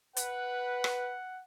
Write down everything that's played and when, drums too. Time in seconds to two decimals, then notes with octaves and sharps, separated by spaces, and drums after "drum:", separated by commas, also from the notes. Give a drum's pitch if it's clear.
0.16 B4 F#5, drum: hi-hat
0.84 drum: rim click